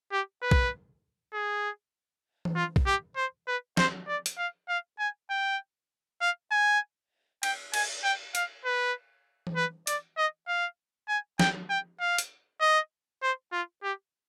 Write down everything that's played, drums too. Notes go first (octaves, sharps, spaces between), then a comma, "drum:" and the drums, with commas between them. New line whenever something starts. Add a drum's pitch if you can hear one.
G4
B4
drum: kick B1
G#4
drum: tom E3
F4
drum: kick B1
G4
C5
B4
C5, drum: snare
D5
drum: hi-hat
F5
F5
G#5
G5
F5
G#5
G5, drum: cymbal
G#5, drum: cymbal
G5
F5, drum: hi-hat
B4
drum: tom E3
B4
D5, drum: hi-hat
D#5
F5
G#5
G5, drum: snare
G5
F5
drum: hi-hat
D#5
C5
F4
G4